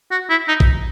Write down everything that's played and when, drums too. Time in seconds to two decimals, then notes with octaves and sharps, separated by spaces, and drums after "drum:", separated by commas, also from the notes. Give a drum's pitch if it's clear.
0.11 F#4
0.30 E4
0.48 D#4
0.60 drum: kick